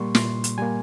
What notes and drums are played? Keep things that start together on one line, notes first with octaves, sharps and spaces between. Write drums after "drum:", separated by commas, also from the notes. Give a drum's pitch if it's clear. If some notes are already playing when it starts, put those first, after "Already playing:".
Already playing: A#2 G3 A#3 C6 C#6
A#2 C6, drum: snare
drum: hi-hat
G3 A#3 G#5